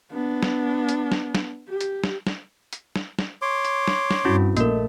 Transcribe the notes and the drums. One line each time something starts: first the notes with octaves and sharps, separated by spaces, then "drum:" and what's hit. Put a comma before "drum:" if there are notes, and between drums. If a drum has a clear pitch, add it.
B3 D4
drum: snare
drum: hi-hat
drum: snare
drum: snare
G4
drum: hi-hat
drum: snare
drum: snare
drum: hi-hat
drum: snare
drum: snare
C#5 C6 D6
drum: hi-hat
drum: snare
drum: snare
G2 C4 C#4 E4 F#4
A#1 A3 A#3 A#4, drum: hi-hat